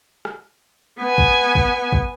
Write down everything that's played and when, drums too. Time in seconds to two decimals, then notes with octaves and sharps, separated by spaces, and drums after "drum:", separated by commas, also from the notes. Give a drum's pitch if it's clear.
0.25 drum: rim click
0.99 B3 G#5
1.18 drum: kick
1.55 drum: kick
1.93 drum: kick